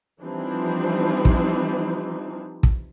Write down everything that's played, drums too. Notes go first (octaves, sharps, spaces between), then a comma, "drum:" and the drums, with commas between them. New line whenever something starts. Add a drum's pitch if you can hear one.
E3 F3 G3 C4 D4 D#4
drum: kick
drum: kick